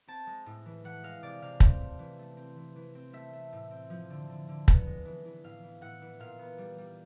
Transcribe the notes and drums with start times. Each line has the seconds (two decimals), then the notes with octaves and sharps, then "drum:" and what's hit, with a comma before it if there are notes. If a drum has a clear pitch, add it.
0.08 C4 A5
0.27 G#3
0.46 A2
0.66 E3
0.84 E3 F#5
1.03 G#3 F5
1.23 C3 D5
1.42 C3 F5
1.60 C4, drum: kick
1.81 A3
1.99 E3
2.19 A3
2.37 C4
2.56 E3
2.76 E3
2.95 C4
3.13 A3 E5
3.33 A3
3.53 A2
3.71 C4
3.90 F3
4.10 D3
4.29 D3
4.49 D3
4.68 B3, drum: kick
4.87 G#3
5.05 E3
5.25 E3
5.44 A2 F5
5.63 E3
5.81 A2 F#5
6.02 E3
6.20 A#2 F5
6.39 B3
6.58 G3
6.78 G3